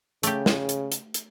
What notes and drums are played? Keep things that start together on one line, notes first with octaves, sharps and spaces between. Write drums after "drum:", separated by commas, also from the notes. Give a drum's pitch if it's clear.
C#3 A3 G4, drum: hi-hat
drum: snare
drum: hi-hat
drum: hi-hat
drum: hi-hat